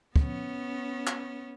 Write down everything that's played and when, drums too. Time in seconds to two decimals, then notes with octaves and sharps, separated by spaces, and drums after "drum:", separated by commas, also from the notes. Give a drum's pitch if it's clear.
0.16 B3 C#4, drum: kick
1.07 drum: clap